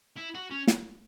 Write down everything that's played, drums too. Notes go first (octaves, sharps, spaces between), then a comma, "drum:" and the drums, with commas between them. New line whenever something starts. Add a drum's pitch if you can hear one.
E4
F#4
C#4
drum: snare